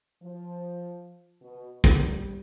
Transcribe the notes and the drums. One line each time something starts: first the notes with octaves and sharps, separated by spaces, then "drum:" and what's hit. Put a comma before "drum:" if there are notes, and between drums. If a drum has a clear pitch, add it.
F3
B2
G3, drum: kick